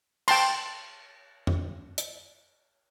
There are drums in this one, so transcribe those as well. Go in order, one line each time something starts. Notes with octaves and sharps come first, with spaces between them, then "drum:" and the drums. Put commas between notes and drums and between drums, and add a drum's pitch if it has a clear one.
G5 A5 C6, drum: cymbal
drum: tom F2
drum: hi-hat